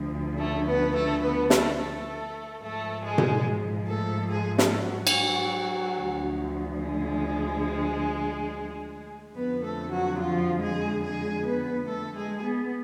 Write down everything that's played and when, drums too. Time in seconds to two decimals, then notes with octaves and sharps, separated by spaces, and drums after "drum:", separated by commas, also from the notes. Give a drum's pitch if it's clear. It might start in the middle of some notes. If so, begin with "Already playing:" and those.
Already playing: D2 D3 F3
0.39 A3 A4
0.67 B3 B4
0.94 A3 A4
1.22 B3 B4
1.50 A3 A4, drum: snare
1.79 A3 A4
2.63 G#2 F3 A3 A4
3.04 G#3 G#4
3.18 drum: tom B2
3.88 A3 A4
4.30 G#3 G#4
4.58 A3 A4, drum: snare
4.87 F#3 F#4
5.07 drum: cymbal
5.99 D2 D3 F3
6.83 G#3 G#4
9.35 F2 D3 F3 B3 B4
9.63 A3 A4
9.91 F#3 F#4
10.19 F3 F4
10.61 G#3 G#4
11.04 G#3 G#4
11.45 B3 B4
11.87 A3 A4
12.16 G#3 G#4
12.44 B3